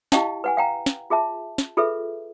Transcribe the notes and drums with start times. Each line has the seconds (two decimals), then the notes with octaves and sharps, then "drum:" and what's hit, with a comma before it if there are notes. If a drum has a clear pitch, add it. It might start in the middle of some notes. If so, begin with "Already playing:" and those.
0.12 E4 G4 D#5 F5 G5 A5, drum: snare
0.44 B4 F#5 G#5
0.57 F5 G5 A#5
0.86 drum: snare
1.10 F4 G#4 E5 A5
1.58 drum: snare
1.77 F4 G#4 A4 B4 E5